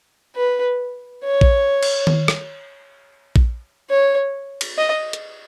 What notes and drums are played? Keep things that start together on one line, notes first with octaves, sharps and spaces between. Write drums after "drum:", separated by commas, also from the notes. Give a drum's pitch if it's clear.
B4
C#5
drum: kick A#1
drum: cymbal
drum: tom D#3
drum: rim click
drum: kick A#1
C#5
drum: cymbal
D#5
drum: hi-hat